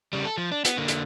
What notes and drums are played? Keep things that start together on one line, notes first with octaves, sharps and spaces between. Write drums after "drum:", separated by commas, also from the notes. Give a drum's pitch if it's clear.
C#3 G3
A4
F3
D4
B3, drum: hi-hat
D3 A#3
drum: hi-hat